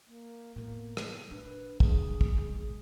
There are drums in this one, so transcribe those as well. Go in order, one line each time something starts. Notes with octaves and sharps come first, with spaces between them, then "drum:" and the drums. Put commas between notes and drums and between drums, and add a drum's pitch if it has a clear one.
A#3
A2 A#3 B3
drum: rim click
D4 B4
G#4, drum: kick
drum: kick
B1 G#3